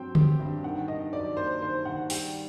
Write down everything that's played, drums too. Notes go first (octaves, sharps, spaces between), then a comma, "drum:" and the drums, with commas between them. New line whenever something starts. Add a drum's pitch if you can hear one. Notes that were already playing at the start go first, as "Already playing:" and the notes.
Already playing: G2 F#3 C4 G5
G4, drum: tom D3
G2
D#3 F#5
D#3 D#5
F#3 D5
A#3 C5
D#3 C5
D#3 F#5
G3 G5, drum: open hi-hat